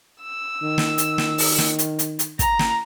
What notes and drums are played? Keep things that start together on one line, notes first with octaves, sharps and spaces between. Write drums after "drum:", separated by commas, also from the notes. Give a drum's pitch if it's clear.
E6
D#3
drum: snare
drum: hi-hat
drum: snare
drum: open hi-hat
drum: snare
drum: hi-hat
drum: hi-hat
drum: hi-hat
A#5, drum: kick, hi-hat
drum: snare